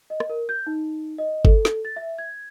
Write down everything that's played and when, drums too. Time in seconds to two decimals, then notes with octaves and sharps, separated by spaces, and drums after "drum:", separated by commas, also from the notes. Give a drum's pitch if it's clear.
0.10 D#5
0.20 drum: rim click
0.29 A#4
0.49 G6
0.67 D#4
1.18 D#5
1.45 A4, drum: kick G1
1.65 drum: snare
1.85 A6
1.96 E5
2.18 G#6